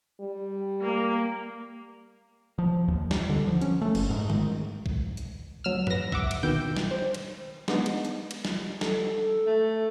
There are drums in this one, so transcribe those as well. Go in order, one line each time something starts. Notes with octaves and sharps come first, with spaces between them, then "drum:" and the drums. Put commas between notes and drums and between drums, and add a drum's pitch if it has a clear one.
G3
A#3
F3
D#2
G3, drum: snare
D3
F3
C#4, drum: hi-hat
A3
F#1, drum: cymbal
G#2
D#3, drum: tom G#3
drum: kick A#1
drum: hi-hat
D2 F#3 E6 F6
B4 A#6, drum: tom F#2
E5 F#5 D6 E6, drum: kick A#1
drum: cymbal
G#1 B2 D#3 B4 G5 G6
drum: snare
C5
drum: cymbal
G#3 B3 D4 D#4, drum: snare
drum: cymbal
drum: hi-hat
drum: cymbal
drum: snare
A4, drum: snare
A3